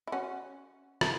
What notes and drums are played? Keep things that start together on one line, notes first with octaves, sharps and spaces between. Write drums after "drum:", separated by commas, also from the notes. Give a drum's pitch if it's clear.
E4
C#4 F#4
E4 A4, drum: rim click